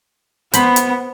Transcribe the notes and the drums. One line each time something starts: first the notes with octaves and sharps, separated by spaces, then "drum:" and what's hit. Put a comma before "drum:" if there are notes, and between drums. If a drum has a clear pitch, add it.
B3 C5 B5, drum: hi-hat
drum: hi-hat